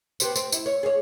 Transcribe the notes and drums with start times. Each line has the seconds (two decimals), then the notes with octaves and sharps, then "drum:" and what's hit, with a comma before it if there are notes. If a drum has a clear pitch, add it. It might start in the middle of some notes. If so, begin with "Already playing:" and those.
0.20 B3 G4 C5, drum: tambourine
0.36 C4, drum: tambourine
0.52 E4, drum: tambourine
0.66 C#5
0.83 G#4 C#5